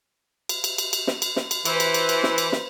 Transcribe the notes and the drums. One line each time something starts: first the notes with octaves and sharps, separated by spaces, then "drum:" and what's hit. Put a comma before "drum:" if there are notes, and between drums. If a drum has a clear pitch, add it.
drum: cymbal
drum: cymbal
drum: cymbal
drum: cymbal
drum: snare
drum: cymbal
drum: snare
drum: cymbal
E3 B4 C5, drum: cymbal
drum: cymbal
drum: cymbal
drum: cymbal
drum: snare
drum: cymbal
drum: snare